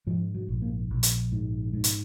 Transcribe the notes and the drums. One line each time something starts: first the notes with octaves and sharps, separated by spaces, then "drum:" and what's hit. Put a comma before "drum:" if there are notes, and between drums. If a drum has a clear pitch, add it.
G#2 F3
F#3
A#1
A#3
A#1
drum: hi-hat
G#2
G#2
drum: hi-hat